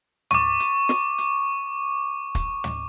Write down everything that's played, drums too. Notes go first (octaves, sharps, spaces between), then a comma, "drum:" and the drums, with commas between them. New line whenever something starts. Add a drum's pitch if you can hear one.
C#6 D6, drum: tom
drum: hi-hat
drum: snare
drum: hi-hat
drum: kick, hi-hat
drum: tom